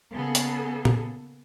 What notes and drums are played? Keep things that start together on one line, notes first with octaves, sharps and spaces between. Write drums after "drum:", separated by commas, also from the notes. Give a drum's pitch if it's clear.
C#3 A#3 B3 G#4 A4
drum: hi-hat
drum: tom